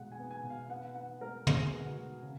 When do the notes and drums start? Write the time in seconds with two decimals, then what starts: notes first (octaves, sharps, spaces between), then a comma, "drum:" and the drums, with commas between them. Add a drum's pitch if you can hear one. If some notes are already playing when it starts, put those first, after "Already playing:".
Already playing: B2 G#3 F#5
0.12 G#5
0.19 B3
0.31 G#5
0.43 B2
0.50 F5
0.69 B3 F#5
0.95 B3 F#5
1.21 G#3 A#4
1.47 B2 G#4, drum: tom
1.72 B3
1.85 F#4
1.98 G#3
2.23 C#3